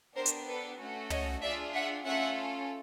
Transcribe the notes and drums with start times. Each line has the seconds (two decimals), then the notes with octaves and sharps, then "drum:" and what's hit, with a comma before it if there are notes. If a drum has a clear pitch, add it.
0.16 B3 D4 G4 A#4 C5
0.26 drum: hi-hat
0.48 A4 B4
0.79 A3 C#4 F#4 A4
1.10 C#5 D#5, drum: tom
1.42 D4 F4 G#4 D5 E5
1.74 E5 F#5
2.05 A3 C#4 F4 A4 E5 F#5